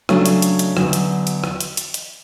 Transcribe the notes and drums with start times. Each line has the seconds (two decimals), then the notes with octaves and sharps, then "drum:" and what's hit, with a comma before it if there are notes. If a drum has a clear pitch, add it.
0.09 C#3 F#3 A3 D4, drum: rim click
0.26 drum: hi-hat
0.42 drum: hi-hat
0.59 drum: hi-hat
0.77 E2 D3 F#3, drum: rim click
0.93 drum: hi-hat
1.27 drum: hi-hat
1.44 drum: rim click
1.60 drum: hi-hat
1.77 drum: hi-hat
1.94 drum: hi-hat